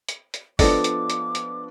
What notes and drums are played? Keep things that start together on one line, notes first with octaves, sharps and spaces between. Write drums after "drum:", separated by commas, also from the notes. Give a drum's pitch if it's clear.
drum: hi-hat
drum: hi-hat
F3 B3 D4 A4 D5 D#5 D6, drum: kick, open hi-hat
drum: hi-hat
drum: hi-hat
drum: hi-hat